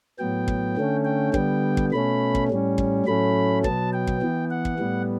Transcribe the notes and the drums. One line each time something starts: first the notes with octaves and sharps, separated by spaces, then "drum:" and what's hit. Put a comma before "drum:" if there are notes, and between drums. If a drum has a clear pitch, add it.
A2 F#3 B3 G5
drum: kick
D3 A3 C#4
G5
D3 G3 B3 G5, drum: kick
drum: kick
B2 A3 C#4 B5
drum: kick
A2 G3 C#4
drum: kick
A2 F#3 A3 C#4 B5
B2 F#3 B3 A5, drum: kick
G5
drum: kick
E3 B3
F#5
drum: kick
A2 G3 B3